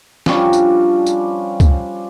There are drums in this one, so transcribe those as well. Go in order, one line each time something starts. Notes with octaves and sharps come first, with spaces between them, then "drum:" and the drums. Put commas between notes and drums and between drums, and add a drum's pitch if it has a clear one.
F3 G3 C#4 D4, drum: snare
drum: tambourine
drum: tambourine
drum: kick C#2, tambourine